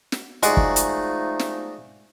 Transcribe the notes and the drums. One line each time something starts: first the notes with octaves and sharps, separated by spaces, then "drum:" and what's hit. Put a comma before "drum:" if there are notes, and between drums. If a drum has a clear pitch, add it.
drum: snare
F3 G#3 A3 D#4 F#4 G#4 D5, drum: hi-hat
drum: kick
drum: hi-hat
drum: snare